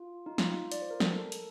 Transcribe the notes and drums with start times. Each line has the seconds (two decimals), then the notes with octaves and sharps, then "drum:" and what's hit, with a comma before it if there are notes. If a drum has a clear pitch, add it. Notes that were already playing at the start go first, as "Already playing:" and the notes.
Already playing: F4
0.26 D#4
0.38 F4, drum: snare
0.72 D5, drum: hi-hat
0.82 C5
0.91 A#4
1.00 A4, drum: snare
1.11 A4
1.16 A#4
1.32 drum: hi-hat